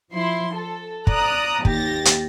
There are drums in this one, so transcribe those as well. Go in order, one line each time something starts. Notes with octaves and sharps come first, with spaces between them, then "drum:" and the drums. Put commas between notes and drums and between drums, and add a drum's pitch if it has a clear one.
F3 E4 C6
A4
D5 A#5 D#6 F#6, drum: kick
D#2 G4 A6 A#6, drum: kick
drum: hi-hat